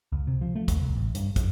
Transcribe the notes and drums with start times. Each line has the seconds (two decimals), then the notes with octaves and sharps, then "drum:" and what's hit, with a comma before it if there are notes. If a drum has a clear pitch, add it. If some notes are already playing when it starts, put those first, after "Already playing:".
0.12 C#2
0.27 C3
0.41 F3
0.56 A3
0.68 D#2, drum: kick, hi-hat
0.82 C2
0.96 A1
1.15 G2, drum: hi-hat
1.36 F#2, drum: kick, hi-hat